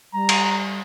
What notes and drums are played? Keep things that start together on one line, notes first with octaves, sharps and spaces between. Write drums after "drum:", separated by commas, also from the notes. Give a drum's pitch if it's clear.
G3 A#5
drum: cymbal